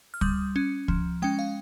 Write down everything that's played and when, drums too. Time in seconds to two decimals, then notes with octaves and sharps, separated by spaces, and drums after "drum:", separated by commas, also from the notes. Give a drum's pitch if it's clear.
0.14 F6
0.21 G3 D#6, drum: kick C#2
0.56 C#4
0.88 F3, drum: kick C#2
1.22 G#3 C#4 G5
1.39 F5